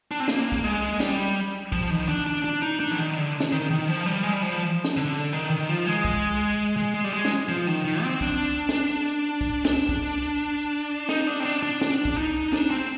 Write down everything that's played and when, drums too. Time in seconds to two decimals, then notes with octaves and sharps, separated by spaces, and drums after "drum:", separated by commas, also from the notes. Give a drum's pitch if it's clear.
0.11 D4
0.20 C4
0.28 A#3, drum: snare
0.52 drum: kick
0.64 G#3
1.00 G3, drum: snare
1.72 F3, drum: kick
1.90 D#3
2.08 D4
2.27 D4
2.44 D4
2.62 D#4
2.80 D4
2.91 F3
2.98 D#3
3.16 D3
3.40 drum: snare
3.52 D#3
3.71 D#3
3.88 F3
4.06 G3
4.23 G#3
4.33 G3
4.42 F3
4.84 drum: snare
4.97 D3
5.33 D#3
5.50 D#3
5.69 F3
5.87 G#3
6.05 drum: kick
6.77 G#3
6.94 G#3
7.04 G3
7.13 G#3
7.25 drum: snare
7.49 F3
7.67 D#3
7.85 D#3
8.02 C4
8.21 D4, drum: kick
8.69 drum: snare
9.41 drum: kick
9.65 D4, drum: snare
9.89 drum: kick
11.09 D#4, drum: snare
11.27 D4
11.40 C4
11.45 D4
11.63 D4
11.81 D4, drum: snare
12.05 drum: kick
12.17 D#4
12.53 D4, drum: snare
12.71 C4